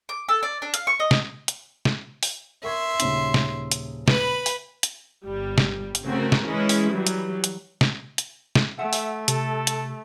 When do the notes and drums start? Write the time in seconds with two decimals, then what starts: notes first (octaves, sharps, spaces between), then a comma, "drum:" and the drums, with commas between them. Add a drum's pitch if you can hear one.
0.09 D6
0.29 A4
0.43 D5
0.62 D4
0.74 F5, drum: hi-hat
0.87 C#6
1.00 D#5
1.11 drum: snare
1.48 drum: hi-hat
1.85 drum: snare
2.23 drum: open hi-hat
2.63 A#4 E5 C6 C#6 G#6
3.00 D#1 C#3 D#4, drum: hi-hat
3.34 drum: snare
3.72 drum: hi-hat
4.08 B4 B5, drum: snare
4.46 drum: open hi-hat
4.83 drum: hi-hat
5.24 G1 G3
5.58 drum: snare
5.95 drum: hi-hat
6.04 C#3 A3 C4 F#4 A#4
6.32 drum: snare
6.46 E3 G#3 C#4 E4
6.69 drum: open hi-hat
6.91 E3 F#3 G3
7.07 drum: hi-hat
7.44 drum: hi-hat
7.81 drum: snare
8.18 drum: hi-hat
8.55 drum: snare
8.79 A3 E5 F#5
8.93 drum: open hi-hat
9.28 C3 A4, drum: hi-hat
9.67 drum: hi-hat